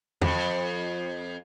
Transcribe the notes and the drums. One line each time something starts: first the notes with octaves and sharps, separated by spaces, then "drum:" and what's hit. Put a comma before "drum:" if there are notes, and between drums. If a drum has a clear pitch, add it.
F2, drum: tom E2